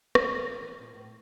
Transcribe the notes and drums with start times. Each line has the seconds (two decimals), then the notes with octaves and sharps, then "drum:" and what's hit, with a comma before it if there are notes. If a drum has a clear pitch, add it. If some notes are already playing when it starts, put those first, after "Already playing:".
0.15 G#3, drum: rim click
0.26 G3
0.35 F#3
0.45 F3
0.62 E3
0.78 A#2
0.94 A2